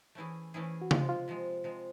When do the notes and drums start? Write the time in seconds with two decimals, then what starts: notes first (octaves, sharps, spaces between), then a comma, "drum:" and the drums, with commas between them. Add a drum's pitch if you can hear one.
0.15 E3 A3 C#4 E4 G#4
0.54 E3 A3 C#4 E4 G#4
0.82 F#4
0.91 C3 F3 G#3 F4, drum: tom C#3
1.09 F4
1.28 C3 F3 G#3
1.64 C3 F3 G#3